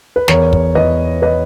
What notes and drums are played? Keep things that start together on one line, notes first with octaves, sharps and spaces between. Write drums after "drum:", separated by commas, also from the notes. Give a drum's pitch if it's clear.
B4
E2 A#4 C#5, drum: snare
drum: kick
E2 B4 D#5
B4 D#5